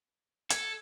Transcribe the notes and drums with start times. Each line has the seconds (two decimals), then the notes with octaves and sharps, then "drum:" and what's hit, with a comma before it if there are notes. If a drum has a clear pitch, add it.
0.50 A4 G#6, drum: hi-hat